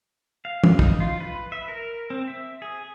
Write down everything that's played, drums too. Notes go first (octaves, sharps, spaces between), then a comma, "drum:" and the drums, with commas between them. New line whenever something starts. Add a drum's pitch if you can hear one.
F5
drum: tom
D#4, drum: kick
F4
B4
E5
A#4
C4
E5
G#4